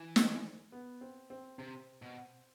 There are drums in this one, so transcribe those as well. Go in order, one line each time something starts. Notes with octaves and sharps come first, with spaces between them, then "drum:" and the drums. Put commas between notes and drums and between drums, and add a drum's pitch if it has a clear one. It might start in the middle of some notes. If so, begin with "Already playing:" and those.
Already playing: E3
C4, drum: snare
B3
C4
C4
C3 C4
B2